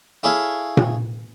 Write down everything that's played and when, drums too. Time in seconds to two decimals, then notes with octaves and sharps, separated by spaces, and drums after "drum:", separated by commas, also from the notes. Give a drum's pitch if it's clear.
0.23 E4 G#4 A4 C#5 E5 F5
0.77 drum: tom A#2